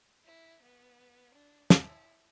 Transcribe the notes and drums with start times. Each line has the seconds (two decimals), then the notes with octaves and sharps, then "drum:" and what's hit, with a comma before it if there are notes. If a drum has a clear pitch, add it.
0.25 E4
0.62 B3
1.34 D4
1.70 E4, drum: snare